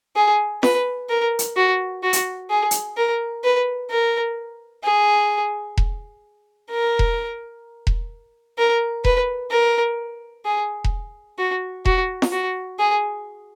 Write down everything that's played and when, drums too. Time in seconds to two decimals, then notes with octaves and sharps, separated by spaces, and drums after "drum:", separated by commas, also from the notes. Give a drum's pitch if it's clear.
0.16 G#4
0.63 B4, drum: snare F4
1.09 A#4
1.39 drum: hi-hat
1.56 F#4
2.03 F#4
2.13 drum: hi-hat
2.50 G#4
2.71 drum: hi-hat
2.97 A#4
3.44 B4
3.90 A#4
4.84 G#4
5.77 drum: kick E1
6.71 A#4
6.99 drum: kick E1
7.87 drum: kick E1
8.58 A#4
9.05 B4, drum: kick E1
9.51 A#4
10.45 G#4
10.84 drum: kick E1
11.39 F#4
11.85 F#4, drum: kick E1
12.22 drum: snare F4
12.32 F#4
12.79 G#4